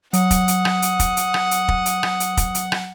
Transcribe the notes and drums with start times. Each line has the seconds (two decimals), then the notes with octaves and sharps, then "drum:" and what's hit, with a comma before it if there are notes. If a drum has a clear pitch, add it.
0.13 F#3 F#5 D#6, drum: hi-hat
0.31 drum: kick, hi-hat
0.48 drum: hi-hat
0.65 drum: rim click
0.82 drum: hi-hat
1.00 drum: kick, hi-hat
1.17 drum: hi-hat
1.34 drum: rim click
1.51 drum: hi-hat
1.68 drum: kick
1.86 drum: hi-hat
2.03 drum: rim click
2.20 drum: hi-hat
2.37 drum: kick, hi-hat
2.55 drum: hi-hat
2.72 drum: rim click